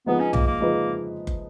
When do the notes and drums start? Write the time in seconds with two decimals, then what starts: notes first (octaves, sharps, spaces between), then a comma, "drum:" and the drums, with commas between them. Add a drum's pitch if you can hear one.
0.06 F3 G#3 B3 D#4 G#4 B4
0.20 C#4
0.33 A#3, drum: tom B1
0.47 A#3
0.60 F3 G#3 D#4 G#4 B4
1.27 drum: kick